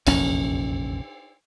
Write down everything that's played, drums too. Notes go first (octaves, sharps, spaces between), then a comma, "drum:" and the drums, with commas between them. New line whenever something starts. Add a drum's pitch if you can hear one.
F1 A#1 E2 C#4, drum: cymbal